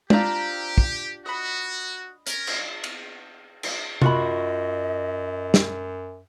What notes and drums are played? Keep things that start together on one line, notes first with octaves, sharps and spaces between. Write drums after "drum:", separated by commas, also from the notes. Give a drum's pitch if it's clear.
C4 D4 F4 G4 F5 A#5, drum: tom
drum: kick
F#4 D#5 B5
C#4 A#4, drum: hi-hat
drum: cymbal
drum: cymbal
drum: cymbal
F#2 F4 F#4 D#5 B5, drum: tom C3
drum: snare